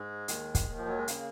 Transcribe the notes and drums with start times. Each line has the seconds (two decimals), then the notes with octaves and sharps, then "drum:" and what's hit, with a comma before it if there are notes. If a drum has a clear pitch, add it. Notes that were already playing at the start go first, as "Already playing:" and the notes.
Already playing: G#2 G#3
0.28 D#2 D#3, drum: hi-hat
0.55 drum: kick, hi-hat
0.68 D#2 D#3
0.78 F3
0.88 F#3
0.98 G#3
1.08 C#3 A#3, drum: hi-hat